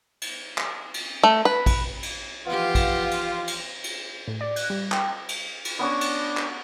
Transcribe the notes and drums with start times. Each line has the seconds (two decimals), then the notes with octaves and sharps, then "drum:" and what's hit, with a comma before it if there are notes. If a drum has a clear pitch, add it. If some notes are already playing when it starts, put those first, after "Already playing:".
0.22 drum: cymbal
0.58 drum: clap
0.94 drum: cymbal
1.23 A3
1.45 B4
1.66 drum: kick A#1, cymbal
2.03 drum: cymbal
2.46 E3 F3 B3 F4 G4 F5
2.75 drum: kick A#1, cymbal
3.11 drum: cymbal
3.47 drum: cymbal
3.84 drum: cymbal
4.28 A2
4.41 D5
4.56 F#6, drum: cymbal
4.70 G3
4.92 G5, drum: clap
5.28 drum: cymbal
5.65 drum: cymbal
5.79 B3 C#4 D4 D6
6.01 drum: cymbal
6.37 drum: clap